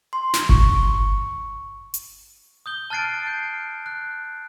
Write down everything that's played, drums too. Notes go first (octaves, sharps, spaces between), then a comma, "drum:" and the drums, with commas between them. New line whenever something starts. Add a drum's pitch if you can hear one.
C6
drum: snare
C#6, drum: kick G1
drum: hi-hat
D#6 G6 G7
A5 F6 F#6 A6 C7 D7
G6 C7
F#6